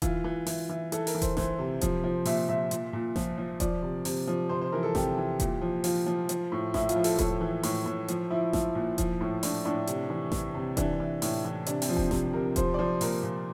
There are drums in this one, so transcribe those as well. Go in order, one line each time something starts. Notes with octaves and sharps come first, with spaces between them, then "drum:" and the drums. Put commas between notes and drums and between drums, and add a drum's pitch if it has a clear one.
E3 F4, drum: kick E1, hi-hat
E3
E3, drum: open hi-hat
E3
E3 A4, drum: hi-hat
A#4, drum: open hi-hat
E3
C5, drum: kick E1, hi-hat
E3 C5, drum: snare A1
C3
F3, drum: kick E1, hi-hat
F3
A#2 E5, drum: open hi-hat
A#2 E5
A#2, drum: hi-hat
A#2
F3, drum: snare A1
F3
F3 D5, drum: kick E1, hi-hat
C3
C3, drum: open hi-hat
F3
C3 C5
C5
E3 A#4
A4
C3 G4, drum: snare A1
E3
A#2, drum: kick E1, hi-hat
F3
F3 F4, drum: open hi-hat
F3
F3, drum: hi-hat
A2
A2 E4, drum: snare A1
F4, drum: hi-hat
F3
A4, drum: open hi-hat
A2 A4, drum: kick E1, hi-hat
E3
A2, drum: open hi-hat
A2
F3, drum: hi-hat
F3 E4
F3, drum: snare A1
A#2
F3, drum: kick E1, hi-hat
A2
A2 D4, drum: open hi-hat
A2 D4
C3, drum: hi-hat
E3
E3, drum: snare A1
C3
E3 D4, drum: kick E1, hi-hat
E3
A2, drum: open hi-hat
E3
C3 D4, drum: hi-hat
C4, drum: open hi-hat
F3
C4, drum: kick E1
C3, drum: snare A1
C3 A#4
F3 C5, drum: kick E1, hi-hat
D5
F3 C5
A#2 A#4, drum: open hi-hat
A#2